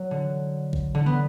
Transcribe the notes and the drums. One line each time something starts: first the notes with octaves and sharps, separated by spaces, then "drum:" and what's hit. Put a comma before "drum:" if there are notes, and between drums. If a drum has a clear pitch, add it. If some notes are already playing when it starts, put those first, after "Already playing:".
Already playing: F#3
D3
drum: kick A1
D3
B3